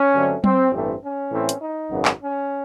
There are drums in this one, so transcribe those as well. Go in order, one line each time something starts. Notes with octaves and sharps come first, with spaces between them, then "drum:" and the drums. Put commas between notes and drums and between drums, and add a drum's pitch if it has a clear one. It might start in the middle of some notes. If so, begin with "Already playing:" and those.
Already playing: C#4
G2 D3 F#3 A3 C4
C4, drum: tom F#3
A1 G2 E3 A3 C4
C#4
A2 E3 A3 C4
drum: hi-hat
D#4
G#1 F#2 C#3 F#3 B3
drum: clap
C#4